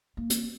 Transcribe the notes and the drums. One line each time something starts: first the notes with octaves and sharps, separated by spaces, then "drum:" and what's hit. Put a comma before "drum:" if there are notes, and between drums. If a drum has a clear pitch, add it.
A#3
drum: hi-hat